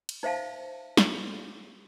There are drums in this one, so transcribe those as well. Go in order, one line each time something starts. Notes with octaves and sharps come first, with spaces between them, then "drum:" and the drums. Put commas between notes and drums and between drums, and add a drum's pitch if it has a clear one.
drum: cymbal
D#4 C5 E5 F5 A5
drum: snare